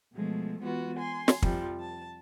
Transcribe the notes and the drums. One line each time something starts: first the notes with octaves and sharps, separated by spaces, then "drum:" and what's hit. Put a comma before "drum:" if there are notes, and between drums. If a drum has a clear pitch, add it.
B2 F3 G#3 A3
E3 G#3 B3 F4 F#4 B4
G#5 C6
drum: snare
F2 C3 F3 G3, drum: kick
A5